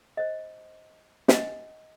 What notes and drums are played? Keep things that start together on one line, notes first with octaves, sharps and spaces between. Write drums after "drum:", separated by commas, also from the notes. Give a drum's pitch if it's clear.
C5 D#5
D#5 F#5 G#5, drum: snare